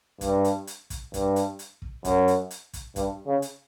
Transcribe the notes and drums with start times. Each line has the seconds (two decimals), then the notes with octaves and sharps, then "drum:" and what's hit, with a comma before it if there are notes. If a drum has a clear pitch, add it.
0.21 G2, drum: kick, hi-hat
0.44 drum: hi-hat
0.67 drum: hi-hat
0.90 drum: kick, hi-hat
1.14 G2, drum: kick, hi-hat
1.36 drum: hi-hat
1.59 drum: hi-hat
1.82 drum: kick
2.05 F#2, drum: kick, hi-hat
2.28 drum: hi-hat
2.51 drum: hi-hat
2.73 drum: kick, hi-hat
2.96 G2, drum: kick, hi-hat
3.26 C#3
3.42 drum: hi-hat